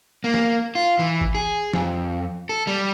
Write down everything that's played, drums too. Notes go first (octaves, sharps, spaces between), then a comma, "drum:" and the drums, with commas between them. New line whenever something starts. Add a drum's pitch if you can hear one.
A#3
drum: snare
F4
E3
drum: kick G#1
G#4
F2, drum: snare
A4
G3